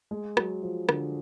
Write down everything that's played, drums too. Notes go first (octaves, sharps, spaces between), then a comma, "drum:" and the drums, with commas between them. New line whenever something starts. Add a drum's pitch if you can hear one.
G#3
F#3, drum: rim click
F3
D3, drum: rim click